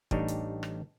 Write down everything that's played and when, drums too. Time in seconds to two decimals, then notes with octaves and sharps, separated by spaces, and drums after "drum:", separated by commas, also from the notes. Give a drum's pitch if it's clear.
0.11 A1 G3 D4 D#4 C#5, drum: kick
0.28 drum: hi-hat
0.63 drum: rim click